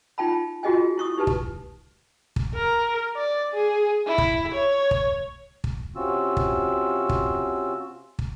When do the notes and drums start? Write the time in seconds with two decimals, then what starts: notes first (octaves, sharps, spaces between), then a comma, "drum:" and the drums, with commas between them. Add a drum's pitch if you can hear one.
0.18 D#4 F4 G5 A5 B5
0.63 F4 F#4 G#4 D#5 G5 G#5
0.98 E4 C#6 D#6
1.17 D#4 G4 B4 A5
1.27 drum: kick
2.36 drum: kick
2.55 A#4
3.16 D5
3.54 G#4
4.07 E4
4.18 drum: kick
4.55 C#5
4.91 drum: kick
5.64 drum: kick
5.96 C3 C4 C#4 F4 F#4 E6
6.37 drum: kick
7.09 drum: kick
8.19 drum: kick